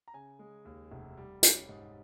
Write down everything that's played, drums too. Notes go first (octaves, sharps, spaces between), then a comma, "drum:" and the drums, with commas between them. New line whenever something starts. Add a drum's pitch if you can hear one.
A#5
C#3 G#5
G#3
D#2
F1
G3
C#4, drum: hi-hat
G#2 D#5